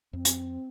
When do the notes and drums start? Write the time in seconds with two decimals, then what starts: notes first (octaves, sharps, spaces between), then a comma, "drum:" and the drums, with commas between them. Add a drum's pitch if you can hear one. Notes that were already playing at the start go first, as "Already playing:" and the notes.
0.13 F2 C4
0.25 drum: hi-hat